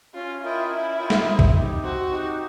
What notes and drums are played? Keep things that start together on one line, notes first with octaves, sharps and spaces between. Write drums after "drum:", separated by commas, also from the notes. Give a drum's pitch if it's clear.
C#4 F4
E4 F4 A#4 D#5 G5
C#4 E4
F4 A#4 D#5 G5
drum: snare
C4
drum: kick B1
D#4 G4
C4 F#4
D#4 G4